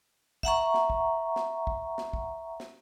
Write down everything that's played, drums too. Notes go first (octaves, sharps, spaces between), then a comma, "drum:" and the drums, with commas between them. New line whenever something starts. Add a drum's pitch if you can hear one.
E5 F#5 A#5 C#6, drum: kick
drum: snare
drum: kick
drum: snare
drum: kick
drum: snare
drum: kick
drum: snare